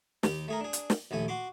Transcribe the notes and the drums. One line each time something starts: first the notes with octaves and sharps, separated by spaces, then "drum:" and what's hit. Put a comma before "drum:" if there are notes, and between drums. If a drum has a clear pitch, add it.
D#2 G4, drum: snare
A3 G#4 A#4
D4 G#4
drum: hi-hat
drum: snare
A#1 D#2 A3 G#5
F#4 C6 D6